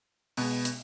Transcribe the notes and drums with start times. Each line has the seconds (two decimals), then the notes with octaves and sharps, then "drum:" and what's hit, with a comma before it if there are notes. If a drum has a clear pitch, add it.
0.37 B2 G#3 B3, drum: open hi-hat
0.65 drum: hi-hat